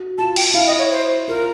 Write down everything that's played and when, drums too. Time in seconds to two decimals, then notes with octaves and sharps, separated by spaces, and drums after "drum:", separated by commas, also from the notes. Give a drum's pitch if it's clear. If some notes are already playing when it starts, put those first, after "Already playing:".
Already playing: F#4
0.18 F4 A5
0.36 G5, drum: cymbal
0.54 E4 F5
0.67 D#5
0.79 C#5
0.91 C5
1.28 F4 A#4